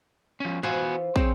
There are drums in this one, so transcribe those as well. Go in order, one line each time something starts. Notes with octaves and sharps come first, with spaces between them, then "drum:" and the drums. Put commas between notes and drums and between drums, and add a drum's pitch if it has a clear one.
F3 C#4
E3 B3 F4 F#4 C5 G#5
C3 C4 C#4 G#4, drum: kick